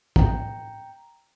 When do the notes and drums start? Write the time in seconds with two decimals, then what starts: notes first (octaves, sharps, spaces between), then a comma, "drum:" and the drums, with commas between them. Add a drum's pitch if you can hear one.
0.16 G5 A#5, drum: kick